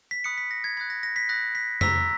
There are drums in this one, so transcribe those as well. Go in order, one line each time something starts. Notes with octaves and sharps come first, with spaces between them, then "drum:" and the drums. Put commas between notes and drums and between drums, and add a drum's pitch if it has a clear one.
B6
B5 D#6 F#6 C#7
B6
A#6
G#6
B5 D#6 F#6 G#6
A#6
A#6
B6
B5 D#6 F#6 A#6
B6
A#5 C#6 E6 B6, drum: tom